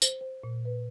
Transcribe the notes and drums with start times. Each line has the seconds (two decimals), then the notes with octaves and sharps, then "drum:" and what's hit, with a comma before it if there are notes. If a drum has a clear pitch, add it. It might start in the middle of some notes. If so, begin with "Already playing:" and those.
0.02 C5, drum: tambourine
0.21 C5
0.44 A#2
0.65 B4